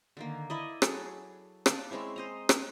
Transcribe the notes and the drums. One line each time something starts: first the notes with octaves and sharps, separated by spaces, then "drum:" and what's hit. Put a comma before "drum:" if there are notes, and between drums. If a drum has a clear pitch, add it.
D3 D#3 A#3
E4 D5 D#5
F#3 G#4 A4, drum: rim click
D5 F5 G5 A5, drum: rim click
G#3 C4 C#4 E4
C5 D#5 A#5
drum: rim click